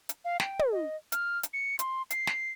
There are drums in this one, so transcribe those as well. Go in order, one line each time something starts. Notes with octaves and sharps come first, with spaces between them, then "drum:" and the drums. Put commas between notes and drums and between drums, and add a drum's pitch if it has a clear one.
drum: hi-hat
F5
G5, drum: snare
drum: tom
D#5
F6, drum: hi-hat
drum: hi-hat
C#7
C6, drum: hi-hat
C7, drum: hi-hat
drum: snare